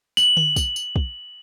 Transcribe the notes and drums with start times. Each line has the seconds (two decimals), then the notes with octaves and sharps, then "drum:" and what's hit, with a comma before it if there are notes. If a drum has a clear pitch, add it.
0.17 F#7, drum: tambourine
0.37 drum: tom D3
0.56 drum: kick, tambourine
0.76 drum: tambourine
0.96 drum: kick